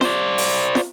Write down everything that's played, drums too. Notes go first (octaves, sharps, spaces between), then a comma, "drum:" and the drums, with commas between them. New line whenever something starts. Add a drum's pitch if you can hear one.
C5 D5, drum: snare
drum: open hi-hat
drum: snare